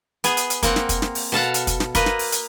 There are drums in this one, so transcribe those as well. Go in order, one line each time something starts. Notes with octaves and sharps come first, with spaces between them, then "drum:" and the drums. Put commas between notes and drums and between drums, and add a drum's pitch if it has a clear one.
B3 G#4, drum: hi-hat
drum: hi-hat
drum: hi-hat
A#3 C4 F#5, drum: kick, hi-hat
drum: snare
drum: kick, hi-hat
drum: snare
drum: open hi-hat
B2 A4 F5 F#5
drum: hi-hat
drum: kick, hi-hat
drum: snare
A#3 B4 D#5, drum: kick, hi-hat
drum: snare
drum: open hi-hat
drum: hi-hat